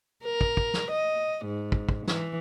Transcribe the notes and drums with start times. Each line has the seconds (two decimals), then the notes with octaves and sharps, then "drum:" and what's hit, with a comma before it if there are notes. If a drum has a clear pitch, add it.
0.24 A#4
0.41 drum: kick
0.57 drum: kick
0.74 drum: snare
0.92 D#5
1.46 G#2
1.72 drum: kick
1.89 drum: kick
2.07 E3, drum: snare